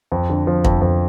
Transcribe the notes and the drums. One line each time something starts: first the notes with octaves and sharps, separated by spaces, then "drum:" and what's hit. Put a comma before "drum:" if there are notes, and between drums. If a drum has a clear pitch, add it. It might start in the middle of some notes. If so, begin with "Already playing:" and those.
F2
D3
F3
F2, drum: kick
F2